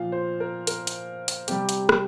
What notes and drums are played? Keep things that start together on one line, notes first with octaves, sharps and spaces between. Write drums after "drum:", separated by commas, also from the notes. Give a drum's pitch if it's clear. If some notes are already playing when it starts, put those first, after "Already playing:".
Already playing: A#2 F3 F5
C5
A#4
A#4, drum: hi-hat
drum: hi-hat
drum: hi-hat
C3 G3 G4, drum: hi-hat
drum: hi-hat
drum: rim click